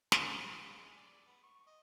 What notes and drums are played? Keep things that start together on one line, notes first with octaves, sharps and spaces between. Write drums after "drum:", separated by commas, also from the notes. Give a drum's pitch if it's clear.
A4, drum: snare
A5
B5
F4
G#3
D5
D5
B3
C#6
D#5